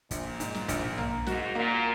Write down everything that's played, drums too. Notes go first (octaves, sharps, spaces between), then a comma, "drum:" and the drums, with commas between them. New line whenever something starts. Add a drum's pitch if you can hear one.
A#1 A#2, drum: kick, hi-hat
G#2, drum: hi-hat
drum: snare
A#1, drum: kick, hi-hat
A#3, drum: tom
G#2 F#4, drum: snare
A#2 A#3